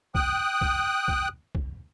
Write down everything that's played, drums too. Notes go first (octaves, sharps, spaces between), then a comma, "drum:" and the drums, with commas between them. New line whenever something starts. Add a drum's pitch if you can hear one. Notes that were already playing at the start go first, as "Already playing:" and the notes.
G5 D#6 F#6, drum: kick
drum: kick
drum: kick
drum: kick